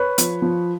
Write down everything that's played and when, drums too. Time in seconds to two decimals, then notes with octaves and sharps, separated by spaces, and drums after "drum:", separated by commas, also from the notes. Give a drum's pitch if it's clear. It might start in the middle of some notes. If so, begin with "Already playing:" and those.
Already playing: B4 C#5
0.18 F3, drum: hi-hat
0.42 F3